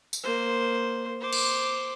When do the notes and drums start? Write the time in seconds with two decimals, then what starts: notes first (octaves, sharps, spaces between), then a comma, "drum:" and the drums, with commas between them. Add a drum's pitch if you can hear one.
0.13 drum: tambourine
0.23 A#3 C5
1.21 C5 D6
1.33 drum: cymbal